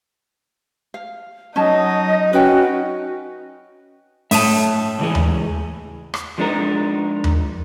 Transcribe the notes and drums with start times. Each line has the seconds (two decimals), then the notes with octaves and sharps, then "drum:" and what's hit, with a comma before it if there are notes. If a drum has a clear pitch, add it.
0.94 F5
1.56 F#3 C#4 D#4 D#5 A5
2.33 C#4 F#4 B4 G5
4.31 A2 E5 A5 D#6 D#7, drum: open hi-hat
4.99 C#2 E3 G#4
5.15 drum: tom D#2
6.14 drum: rim click
6.38 F3 G#3 D4 D#4 A#4
7.24 drum: tom D#2